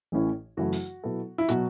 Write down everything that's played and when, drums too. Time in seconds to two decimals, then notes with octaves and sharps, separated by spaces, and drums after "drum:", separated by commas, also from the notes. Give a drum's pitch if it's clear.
0.12 A1 A2 E3 C#4 E4
0.57 F#2 C#3 E3 A3 E4 F#4
0.73 drum: open hi-hat
1.03 B2 F#3 B3 E4 A4
1.38 E4
1.49 B2 F#3 F#4, drum: hi-hat